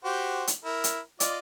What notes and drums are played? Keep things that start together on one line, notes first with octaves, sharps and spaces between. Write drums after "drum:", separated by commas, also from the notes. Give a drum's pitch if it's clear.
F#4 G4 C5
drum: hi-hat
E4 A#4
drum: hi-hat
F4 D5 D#5, drum: hi-hat